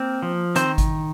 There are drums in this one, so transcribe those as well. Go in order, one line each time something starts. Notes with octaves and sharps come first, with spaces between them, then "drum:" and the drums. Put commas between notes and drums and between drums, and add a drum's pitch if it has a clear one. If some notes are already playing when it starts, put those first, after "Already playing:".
Already playing: A#3 C4 A#4
F3
D#3 C4 C5, drum: hi-hat
drum: kick G#1, hi-hat